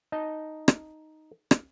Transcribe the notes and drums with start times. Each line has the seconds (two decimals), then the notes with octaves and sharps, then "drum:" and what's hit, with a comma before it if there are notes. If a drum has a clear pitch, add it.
0.12 D#4 D#5 A5
0.68 drum: rim click
1.51 drum: rim click